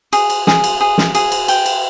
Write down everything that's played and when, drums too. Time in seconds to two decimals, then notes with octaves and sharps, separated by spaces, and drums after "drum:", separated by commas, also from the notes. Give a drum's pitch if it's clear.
0.13 G#4, drum: cymbal
0.30 drum: cymbal
0.47 G#4, drum: snare
0.64 drum: cymbal
0.80 G#4
0.98 drum: snare
1.15 G#4, drum: cymbal
1.32 drum: cymbal
1.48 G5, drum: cymbal
1.66 drum: cymbal